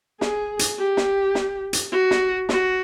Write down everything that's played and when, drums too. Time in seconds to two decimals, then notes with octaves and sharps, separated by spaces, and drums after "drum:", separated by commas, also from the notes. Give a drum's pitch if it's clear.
0.21 G#4, drum: snare
0.59 drum: hi-hat
0.78 G4
0.97 drum: snare
1.35 drum: snare
1.73 drum: hi-hat
1.92 F#4
2.11 drum: snare
2.49 F#4, drum: snare